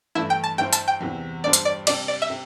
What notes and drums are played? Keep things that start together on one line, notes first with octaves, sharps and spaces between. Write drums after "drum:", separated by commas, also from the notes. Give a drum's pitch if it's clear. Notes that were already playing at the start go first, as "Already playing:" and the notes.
G2 E3 A3 D4 E4
G5
A5
G2 G3 E4 G4 C5 G5
A5, drum: hi-hat
G5
E2 C3 E3
G2 G3 D4 C5 D5
drum: hi-hat
D5
C3 G3 D4 D5, drum: cymbal
D5
E5
C3